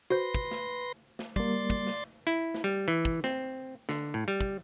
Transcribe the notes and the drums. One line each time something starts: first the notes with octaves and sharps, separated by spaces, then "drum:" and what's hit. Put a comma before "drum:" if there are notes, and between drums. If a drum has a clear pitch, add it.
F#4 B4 C5 C6 A#6
drum: kick
drum: snare
drum: snare
G3 A#3 D5 C6 A6, drum: kick
drum: kick
drum: snare
E4
drum: snare
G3
E3
drum: kick
C4, drum: snare
D3, drum: snare
A2
G3
drum: kick